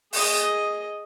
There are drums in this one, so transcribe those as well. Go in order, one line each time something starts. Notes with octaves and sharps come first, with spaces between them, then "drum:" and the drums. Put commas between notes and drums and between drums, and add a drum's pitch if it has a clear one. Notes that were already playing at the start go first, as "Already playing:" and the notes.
G#4 D#5, drum: open hi-hat